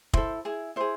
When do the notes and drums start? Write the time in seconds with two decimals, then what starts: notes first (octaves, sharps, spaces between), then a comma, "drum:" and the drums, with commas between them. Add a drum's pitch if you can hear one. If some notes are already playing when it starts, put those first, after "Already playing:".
0.13 E4 A4 C5, drum: kick
0.45 E4 G#4
0.76 E4 G#4 C5